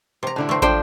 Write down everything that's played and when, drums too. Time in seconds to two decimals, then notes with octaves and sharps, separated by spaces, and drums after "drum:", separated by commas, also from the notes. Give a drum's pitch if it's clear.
0.23 C3 A#5
0.36 A2 D3 E4
0.49 A3 C4
0.62 F3 D4 C5 G5, drum: kick